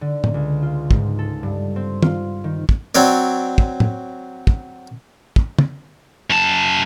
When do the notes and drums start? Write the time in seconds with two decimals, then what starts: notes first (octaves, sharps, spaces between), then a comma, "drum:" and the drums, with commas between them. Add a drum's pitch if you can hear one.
0.01 D3
0.24 drum: tom
0.34 C#2
0.62 F4
0.91 G#2, drum: kick
1.19 A4
1.43 G2
1.76 C4
2.03 F4, drum: tom
2.44 D#3
2.69 drum: kick
2.95 F#3 C4 C#5 D5
3.58 drum: kick
3.80 drum: tom
4.47 drum: kick
5.36 drum: kick
5.59 drum: tom
6.30 F#2 A5